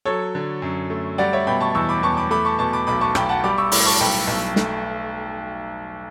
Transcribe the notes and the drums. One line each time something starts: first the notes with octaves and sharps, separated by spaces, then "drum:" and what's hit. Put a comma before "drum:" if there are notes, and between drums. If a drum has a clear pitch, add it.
F#3 A4 C#5
D3
F#2
A3
G3 D5 F#5
C#5 E5
B2 G5 B5
A5 C#6
E2 C#6 E6
B5 D6
E2 A5 C#6
B5 D6
A3 B5 D6
A5 C#6
B2 A5 C#6
B5 D6
B1 B5 D6
A5 C#6
B1 G5 B5, drum: rim click
F#5 A5
G3 B5 D6
C#6 E6
A2 B5 D6, drum: open hi-hat
A5 C#6
B1 G5 B5
B1
A3, drum: snare